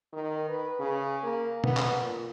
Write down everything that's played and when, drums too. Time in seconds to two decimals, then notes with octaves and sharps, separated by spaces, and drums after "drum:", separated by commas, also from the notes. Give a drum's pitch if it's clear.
0.13 D#3
0.49 B4
0.79 C#3
1.23 A#3
1.64 B3, drum: tom
1.77 drum: clap
2.01 A#2